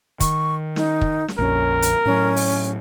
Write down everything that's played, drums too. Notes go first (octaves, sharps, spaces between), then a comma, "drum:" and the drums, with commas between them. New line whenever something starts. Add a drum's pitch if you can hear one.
D#3 C#6, drum: kick, hi-hat
D#4, drum: snare
drum: kick
drum: snare
A#1 F2 C#4 A#4
drum: hi-hat
A2 F#3 C#4
drum: open hi-hat